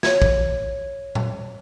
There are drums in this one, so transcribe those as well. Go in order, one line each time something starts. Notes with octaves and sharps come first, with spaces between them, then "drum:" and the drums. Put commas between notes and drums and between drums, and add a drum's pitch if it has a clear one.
C#5 G#6, drum: snare
drum: kick
drum: tom A#2